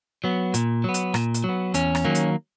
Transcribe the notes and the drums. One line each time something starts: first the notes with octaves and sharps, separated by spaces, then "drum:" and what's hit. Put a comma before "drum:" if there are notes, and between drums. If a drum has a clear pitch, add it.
F#3 B3
A#2, drum: hi-hat
F#3 B3
drum: hi-hat
A#2, drum: rim click
drum: hi-hat
F#3
B3
E2 C#4, drum: hi-hat
drum: rim click
D#3 F#3 A#3
drum: hi-hat